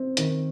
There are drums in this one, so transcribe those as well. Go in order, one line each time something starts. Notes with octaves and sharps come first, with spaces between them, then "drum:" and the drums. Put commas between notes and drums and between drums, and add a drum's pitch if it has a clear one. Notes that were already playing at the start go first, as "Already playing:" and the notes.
Already playing: C4
D#3, drum: hi-hat